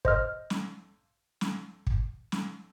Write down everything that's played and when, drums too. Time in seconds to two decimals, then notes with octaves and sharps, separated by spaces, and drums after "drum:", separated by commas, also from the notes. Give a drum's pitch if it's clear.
0.05 C5 D#5 F6, drum: kick
0.50 drum: snare
1.41 drum: snare
1.87 drum: kick
2.32 drum: snare